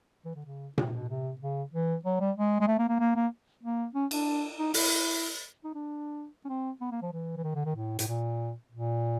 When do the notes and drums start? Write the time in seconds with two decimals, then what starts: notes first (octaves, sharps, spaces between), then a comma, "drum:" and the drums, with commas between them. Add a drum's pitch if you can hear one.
0.25 E3
0.35 D3
0.46 C#3
0.78 C3, drum: tom A#2
0.93 B2
1.09 C3
1.41 C#3
1.73 E3
2.05 F#3
2.20 G3
2.37 G#3
2.60 G#3
2.67 A3
2.78 A#3
2.89 A#3
3.00 A#3
3.16 A#3
3.63 A#3
3.94 C#4
4.11 D4, drum: cymbal
4.58 D#4
4.74 E4, drum: open hi-hat
5.64 D#4
5.74 D4
6.45 C#4
6.48 C4
6.81 B3
6.91 A#3
7.02 F3
7.12 E3
7.37 E3
7.44 D#3
7.55 D3
7.65 D#3
7.76 A2
7.99 A2, drum: hi-hat
8.08 A#2
8.72 A#2